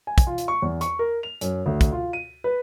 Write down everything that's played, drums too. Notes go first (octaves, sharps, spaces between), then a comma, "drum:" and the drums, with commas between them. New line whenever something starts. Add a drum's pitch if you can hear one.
G#5
drum: kick, hi-hat
F4
drum: hi-hat
C#6
E2
C#6, drum: hi-hat
A#4
F7
F#2, drum: hi-hat
D2
drum: kick, hi-hat
F4
D#7
B4